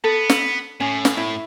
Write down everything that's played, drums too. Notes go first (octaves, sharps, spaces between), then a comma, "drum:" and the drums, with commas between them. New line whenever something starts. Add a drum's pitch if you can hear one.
B3 A4
drum: snare
A2 C#4
drum: snare
E4